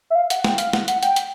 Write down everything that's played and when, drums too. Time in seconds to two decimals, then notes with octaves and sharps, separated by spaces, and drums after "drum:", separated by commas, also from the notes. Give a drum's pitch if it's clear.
0.10 E5
0.15 F5
0.30 F#5, drum: hi-hat
0.44 G5, drum: snare
0.58 F5, drum: hi-hat
0.73 F#5, drum: snare
0.88 F#5, drum: hi-hat
1.03 G5, drum: hi-hat
1.16 drum: hi-hat